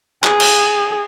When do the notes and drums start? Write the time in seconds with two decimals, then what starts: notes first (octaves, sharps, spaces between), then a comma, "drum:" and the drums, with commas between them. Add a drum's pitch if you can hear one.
0.24 G#4, drum: clap
0.40 drum: cymbal